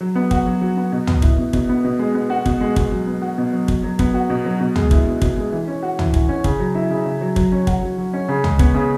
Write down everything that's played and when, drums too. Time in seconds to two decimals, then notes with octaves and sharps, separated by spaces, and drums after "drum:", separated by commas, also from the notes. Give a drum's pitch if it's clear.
0.01 F#3
0.15 B3
0.31 F#4, drum: kick
0.46 F#3
0.62 F#3
0.77 B3
0.92 B2
1.07 B3, drum: tom
1.22 E4, drum: kick
1.38 B2
1.53 B2, drum: kick
1.69 B3
1.84 B2
1.99 G#3
2.14 B3
2.30 F#4
2.46 B2, drum: kick
2.61 G#3
2.76 B2, drum: kick
2.92 F#3
3.07 B3
3.22 F#4
3.38 B2
3.53 F#3
3.68 B2, drum: kick
3.83 F#3
3.99 B3, drum: kick
4.14 F#4
4.30 B2
4.45 F#3
4.60 B2
4.76 G#3, drum: tom
4.91 E4, drum: kick
5.07 B2
5.22 B2, drum: kick
5.37 G#3
5.52 E3
5.68 C#4
5.83 F#4
5.99 E3, drum: tom
6.14 E3, drum: kick
6.29 C#4
6.44 C#3, drum: kick
6.60 F#3
6.75 E4
6.90 C#3
7.06 C#3
7.21 F#3
7.36 F#3, drum: kick
7.52 C#4
7.67 F#4, drum: kick
7.83 F#3
7.98 F#3
8.13 C#4
8.28 C#3
8.44 G#3, drum: tom
8.59 B3, drum: kick
8.75 C#3